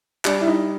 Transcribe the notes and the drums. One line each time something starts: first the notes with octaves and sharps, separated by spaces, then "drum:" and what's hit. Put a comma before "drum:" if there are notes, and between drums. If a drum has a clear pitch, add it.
G3 D4, drum: clap
E4
D#4